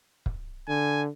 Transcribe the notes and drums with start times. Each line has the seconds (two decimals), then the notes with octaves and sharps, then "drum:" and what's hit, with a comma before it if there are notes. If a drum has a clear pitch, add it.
0.26 drum: kick
0.68 D3 G#5